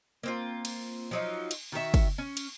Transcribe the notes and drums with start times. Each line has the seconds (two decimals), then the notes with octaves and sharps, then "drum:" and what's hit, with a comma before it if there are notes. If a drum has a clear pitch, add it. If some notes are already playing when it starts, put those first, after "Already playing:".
0.23 A#3 C4 F4
0.65 drum: cymbal
1.11 F3 F#3 D#4
1.51 drum: cymbal
1.72 D#3 F#4 A4 E5
1.94 drum: kick, cymbal
2.18 C#4
2.37 drum: cymbal